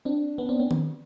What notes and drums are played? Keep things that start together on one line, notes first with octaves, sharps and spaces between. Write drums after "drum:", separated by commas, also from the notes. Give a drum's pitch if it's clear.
C4 D4
B3 C#4
C4 D4
B3 C#4
drum: tom D#3